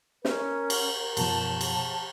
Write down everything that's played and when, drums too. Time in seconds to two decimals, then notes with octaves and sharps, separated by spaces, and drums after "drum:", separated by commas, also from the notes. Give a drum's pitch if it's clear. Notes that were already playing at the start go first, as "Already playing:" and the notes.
0.25 C#4 A#4, drum: snare
0.70 drum: cymbal
1.17 F#2 B2 F3 A5, drum: cymbal
1.61 drum: cymbal